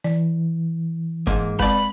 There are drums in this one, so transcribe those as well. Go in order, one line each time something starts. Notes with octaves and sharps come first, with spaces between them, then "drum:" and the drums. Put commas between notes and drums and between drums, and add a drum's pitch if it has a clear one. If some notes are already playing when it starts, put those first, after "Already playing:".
E3 D5
G#2 A#3, drum: kick F#1
G#3 C4 B4 D5 B5, drum: kick F#1